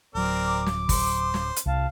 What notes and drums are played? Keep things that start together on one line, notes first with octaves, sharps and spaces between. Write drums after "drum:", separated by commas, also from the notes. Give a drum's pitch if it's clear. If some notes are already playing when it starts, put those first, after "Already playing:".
D1 F#3 C4 A#4 D5
D6
drum: snare
C5, drum: kick, open hi-hat
drum: snare
drum: hi-hat
C2 F5 A5